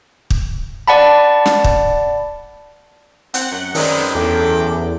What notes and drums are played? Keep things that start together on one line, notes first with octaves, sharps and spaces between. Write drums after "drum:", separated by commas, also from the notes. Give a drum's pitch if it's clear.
drum: kick
D5 F#5 A5 B5
drum: snare
drum: kick
C4 F#5, drum: hi-hat
F#2
F#2 D#3 G#3 C4 B4 D5, drum: open hi-hat
E2 A4 G5 A5 D6